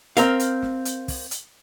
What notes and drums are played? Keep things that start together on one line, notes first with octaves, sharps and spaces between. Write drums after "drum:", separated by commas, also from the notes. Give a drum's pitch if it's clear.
C4 A#4 F5, drum: hi-hat
drum: hi-hat
drum: snare
drum: hi-hat
drum: kick, open hi-hat
drum: hi-hat